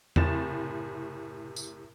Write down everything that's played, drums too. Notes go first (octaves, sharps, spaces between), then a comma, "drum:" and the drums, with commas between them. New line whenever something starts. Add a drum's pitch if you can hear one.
F#1 A2 C3 A6 E7, drum: tom E2
drum: tambourine